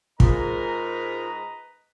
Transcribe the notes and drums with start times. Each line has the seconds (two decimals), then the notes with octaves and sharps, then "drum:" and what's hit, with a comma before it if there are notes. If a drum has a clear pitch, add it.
0.20 G#2 F4 A#4 B4 D#5 A#5, drum: kick